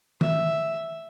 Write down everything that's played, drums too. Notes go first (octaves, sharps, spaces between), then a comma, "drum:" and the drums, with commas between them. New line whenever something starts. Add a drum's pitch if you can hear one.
E5, drum: tom D#3